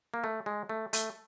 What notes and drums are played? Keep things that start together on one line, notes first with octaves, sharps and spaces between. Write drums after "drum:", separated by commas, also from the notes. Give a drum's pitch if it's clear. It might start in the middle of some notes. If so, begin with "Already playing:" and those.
A#3
A3
G#3
A3
A3, drum: hi-hat